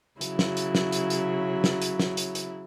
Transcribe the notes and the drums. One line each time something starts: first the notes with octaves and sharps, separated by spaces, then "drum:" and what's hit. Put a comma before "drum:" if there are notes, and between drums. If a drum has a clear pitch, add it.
C#3 F#3 E4, drum: hi-hat
drum: snare
drum: hi-hat
drum: snare
drum: hi-hat
drum: hi-hat
drum: snare
drum: hi-hat
drum: snare
drum: hi-hat
drum: hi-hat